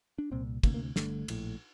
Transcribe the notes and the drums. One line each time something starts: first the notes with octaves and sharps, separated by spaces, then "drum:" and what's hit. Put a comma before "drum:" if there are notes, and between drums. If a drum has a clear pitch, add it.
D4
C2 A#2 C4
D2 C3 A#3, drum: kick, cymbal
A#3
G1 G2 D3 A3, drum: snare
A#1 A2, drum: cymbal